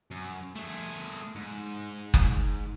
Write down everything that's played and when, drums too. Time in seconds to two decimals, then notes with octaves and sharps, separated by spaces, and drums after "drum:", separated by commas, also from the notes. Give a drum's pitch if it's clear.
0.11 F#2
0.55 A3 G#4
1.36 G#2
2.14 drum: kick F#1